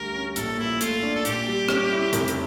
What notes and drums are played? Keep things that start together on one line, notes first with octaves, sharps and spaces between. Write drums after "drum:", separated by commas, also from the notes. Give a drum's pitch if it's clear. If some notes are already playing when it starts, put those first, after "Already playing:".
Already playing: D2 D3 G3 A#4
C#4
A#1 A4, drum: hi-hat
A#2 E4
A3 F4, drum: hi-hat
D4
A4
A#2 G4, drum: hi-hat
G3
C#4, drum: rim click
E4
F1, drum: hi-hat
drum: hi-hat